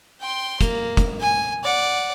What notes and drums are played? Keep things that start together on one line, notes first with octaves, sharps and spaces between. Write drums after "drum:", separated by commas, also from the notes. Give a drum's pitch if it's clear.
G5 C6
A#3, drum: kick, hi-hat
drum: kick, hi-hat
G#5
D5 F#5